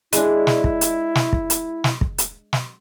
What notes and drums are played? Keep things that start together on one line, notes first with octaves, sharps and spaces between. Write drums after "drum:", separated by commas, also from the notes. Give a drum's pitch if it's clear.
G#3 D4 E4, drum: hi-hat
drum: snare
drum: kick
drum: hi-hat
drum: snare
drum: kick
drum: hi-hat
drum: snare
drum: kick
drum: hi-hat
drum: snare